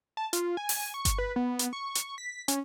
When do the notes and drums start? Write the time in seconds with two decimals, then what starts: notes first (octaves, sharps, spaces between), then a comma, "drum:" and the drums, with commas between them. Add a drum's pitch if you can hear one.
0.17 A5
0.33 F4, drum: hi-hat
0.57 G#5
0.69 drum: open hi-hat
0.94 C#6
1.05 drum: kick G1, hi-hat
1.18 B4
1.36 B3
1.59 drum: hi-hat
1.73 C#6
1.95 drum: hi-hat
2.18 B6
2.48 C#4, drum: hi-hat